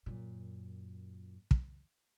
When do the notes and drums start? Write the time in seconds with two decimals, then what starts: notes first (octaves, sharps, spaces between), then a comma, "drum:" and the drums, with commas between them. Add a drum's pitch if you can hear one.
0.06 F#2 A#2
1.51 drum: kick